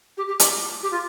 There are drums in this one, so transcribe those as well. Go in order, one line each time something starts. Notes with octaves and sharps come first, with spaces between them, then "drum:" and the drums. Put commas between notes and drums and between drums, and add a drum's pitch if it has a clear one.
G4
G4
G4, drum: hi-hat
G4
F4